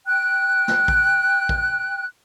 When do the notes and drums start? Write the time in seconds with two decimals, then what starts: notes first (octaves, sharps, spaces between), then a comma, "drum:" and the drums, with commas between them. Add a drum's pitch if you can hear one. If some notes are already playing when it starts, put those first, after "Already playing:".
0.07 G5 F#6
0.68 drum: snare
0.88 drum: kick
1.49 drum: kick